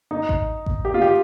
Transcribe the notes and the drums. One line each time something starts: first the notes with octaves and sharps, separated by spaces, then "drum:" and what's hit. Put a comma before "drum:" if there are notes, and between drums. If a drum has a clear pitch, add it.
D#4
drum: kick A1
drum: kick A1
G4
F4
G4